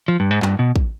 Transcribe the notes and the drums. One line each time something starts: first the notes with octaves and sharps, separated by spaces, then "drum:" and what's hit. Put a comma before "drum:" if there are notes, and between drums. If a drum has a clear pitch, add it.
F3
G2
G#2
G2, drum: clap
B2
drum: kick